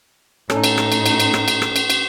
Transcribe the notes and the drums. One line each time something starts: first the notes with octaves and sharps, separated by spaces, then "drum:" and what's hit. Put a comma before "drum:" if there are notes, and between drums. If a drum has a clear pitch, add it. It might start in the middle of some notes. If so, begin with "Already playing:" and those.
A2 C#4 D#4 A4, drum: rim click
drum: cymbal
drum: rim click
drum: cymbal
drum: cymbal
drum: cymbal
drum: rim click
drum: cymbal
drum: rim click
drum: cymbal
drum: cymbal